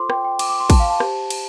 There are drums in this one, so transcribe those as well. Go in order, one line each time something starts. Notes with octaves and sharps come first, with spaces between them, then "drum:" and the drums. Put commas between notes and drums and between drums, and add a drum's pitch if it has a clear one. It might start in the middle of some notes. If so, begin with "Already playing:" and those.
Already playing: F4 A4 C5 C6 D6
G5, drum: rim click
G5
D6, drum: cymbal
D6
C6
A5, drum: kick, cymbal
F5
A5
G4 C5, drum: rim click
drum: cymbal